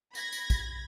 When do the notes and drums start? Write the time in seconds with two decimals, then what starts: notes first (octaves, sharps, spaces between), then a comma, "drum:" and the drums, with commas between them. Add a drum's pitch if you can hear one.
0.15 B5 G#6 A#6, drum: tambourine
0.32 drum: tambourine
0.50 drum: kick, tambourine